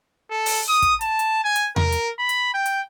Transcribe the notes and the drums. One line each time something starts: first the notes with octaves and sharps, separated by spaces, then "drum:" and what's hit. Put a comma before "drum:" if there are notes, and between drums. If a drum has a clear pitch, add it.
A4
drum: open hi-hat
D#6
drum: kick, hi-hat
A5, drum: hi-hat
drum: hi-hat
G#5
drum: hi-hat
A#4, drum: tom E2
drum: hi-hat
B5
drum: hi-hat
G5
drum: hi-hat